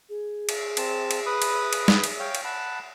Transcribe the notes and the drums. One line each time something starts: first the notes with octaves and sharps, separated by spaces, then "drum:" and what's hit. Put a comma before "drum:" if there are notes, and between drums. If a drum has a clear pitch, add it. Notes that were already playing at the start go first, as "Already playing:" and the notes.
G#4
drum: cymbal
C4 A5, drum: cymbal
drum: cymbal
B4 B5 D#6
drum: cymbal
drum: cymbal
drum: snare
drum: cymbal
C#5 F5 G5
drum: cymbal
F#5 A5 B5